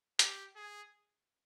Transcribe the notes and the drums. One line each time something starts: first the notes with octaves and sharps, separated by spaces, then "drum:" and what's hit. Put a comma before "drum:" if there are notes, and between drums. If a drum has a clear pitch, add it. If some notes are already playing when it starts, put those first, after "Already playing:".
G4, drum: hi-hat
G#4